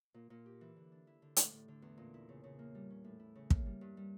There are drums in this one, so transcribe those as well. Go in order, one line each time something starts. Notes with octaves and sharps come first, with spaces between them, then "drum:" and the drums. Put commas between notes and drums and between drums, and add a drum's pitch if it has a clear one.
A#2
A#2
G4
E3
D3
D4
E4
D3
A2, drum: hi-hat
A2
D3
E2
A#2
E4
C#3
C#3
A#3
G3
C#4
A2
E4
C#3
A#3, drum: kick
G3
G2
G3